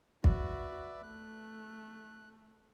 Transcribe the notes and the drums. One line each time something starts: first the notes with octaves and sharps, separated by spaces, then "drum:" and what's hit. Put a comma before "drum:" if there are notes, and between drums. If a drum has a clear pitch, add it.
F#4 B4 D5 E5, drum: kick
A3 F#6